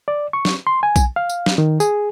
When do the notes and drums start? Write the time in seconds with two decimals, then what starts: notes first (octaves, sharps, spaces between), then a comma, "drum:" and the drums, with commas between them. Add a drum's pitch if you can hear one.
0.08 D5
0.33 C#6
0.45 drum: snare
0.67 C6
0.83 G#5
0.96 drum: kick B1, tambourine
1.16 F5
1.29 drum: tambourine
1.46 drum: snare
1.58 D#3
1.80 G#4, drum: tambourine